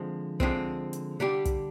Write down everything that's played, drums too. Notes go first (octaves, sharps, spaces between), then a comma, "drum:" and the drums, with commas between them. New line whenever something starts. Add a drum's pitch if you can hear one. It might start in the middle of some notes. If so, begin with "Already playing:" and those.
Already playing: D3 F3 G#3 C4
D3 F3 G#3 C4, drum: kick
drum: hi-hat
D3 G3 D4 G4
drum: kick, hi-hat